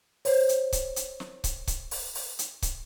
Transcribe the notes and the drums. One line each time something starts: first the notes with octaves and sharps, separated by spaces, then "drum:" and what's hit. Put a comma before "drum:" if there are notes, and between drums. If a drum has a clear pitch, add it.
C5 C#5, drum: open hi-hat
drum: hi-hat
drum: kick C#1, hi-hat
drum: hi-hat
drum: snare
drum: kick C#1, hi-hat
drum: kick C#1, hi-hat
drum: open hi-hat
drum: open hi-hat
drum: hi-hat
drum: kick C#1, hi-hat